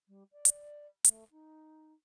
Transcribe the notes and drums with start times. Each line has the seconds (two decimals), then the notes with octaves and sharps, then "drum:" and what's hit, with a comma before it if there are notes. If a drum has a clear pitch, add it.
0.08 G3
0.32 D5
0.45 drum: hi-hat
1.04 A3, drum: hi-hat
1.31 D#4